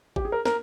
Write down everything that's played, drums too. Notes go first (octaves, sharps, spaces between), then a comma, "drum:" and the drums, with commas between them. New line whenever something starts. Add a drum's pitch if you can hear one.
G4, drum: kick G#1
G#4
A#4
A#4, drum: snare